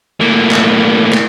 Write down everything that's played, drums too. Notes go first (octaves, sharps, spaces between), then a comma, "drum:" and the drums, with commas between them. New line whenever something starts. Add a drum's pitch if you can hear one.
A2 A#3
drum: clap
drum: clap